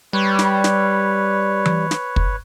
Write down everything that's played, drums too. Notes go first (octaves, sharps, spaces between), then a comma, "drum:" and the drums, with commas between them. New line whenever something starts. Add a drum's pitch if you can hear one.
G3 B4 C#5
drum: snare
drum: snare
drum: tom E3
drum: snare
drum: kick